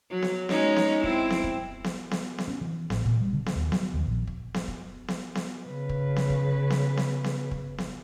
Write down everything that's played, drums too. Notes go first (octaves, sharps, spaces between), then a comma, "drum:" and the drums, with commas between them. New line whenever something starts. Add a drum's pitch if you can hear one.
F#3
drum: snare B3
G#3 C#4 D#4, drum: snare B3
drum: snare B3
C4 E4, drum: kick
drum: snare B3
drum: kick
drum: snare B3
drum: snare B3
drum: snare B3
C#4
E3
A1, drum: snare B3
A#2, drum: kick
G3
D3
drum: snare B3
D#2
F#3, drum: snare B3
D#2
A#1
drum: kick
drum: snare B3
drum: kick
drum: snare B3
drum: snare B3
C#3 B4
drum: kick
drum: snare B3
drum: kick
drum: snare B3
drum: snare B3
drum: snare B3
drum: kick
drum: snare B3